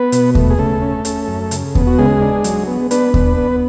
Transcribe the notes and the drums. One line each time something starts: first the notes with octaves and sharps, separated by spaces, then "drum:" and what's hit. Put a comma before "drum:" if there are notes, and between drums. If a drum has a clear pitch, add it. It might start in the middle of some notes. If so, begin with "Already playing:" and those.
Already playing: B3 B4
B2, drum: hi-hat
A3, drum: kick D#2
G#4
C#3 A3 A4
C#4
C#4, drum: hi-hat
F#2
C#3, drum: hi-hat
B3, drum: kick D#2
F#4
C#3 G#3 G#4
D4
F#3, drum: hi-hat
B3
B3 D4 B4, drum: hi-hat
D4, drum: kick D#2
B3